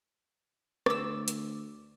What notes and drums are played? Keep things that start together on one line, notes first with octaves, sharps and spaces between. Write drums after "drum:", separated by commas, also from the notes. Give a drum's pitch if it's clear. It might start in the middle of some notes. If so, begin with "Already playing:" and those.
D2 D6 E6, drum: rim click
drum: hi-hat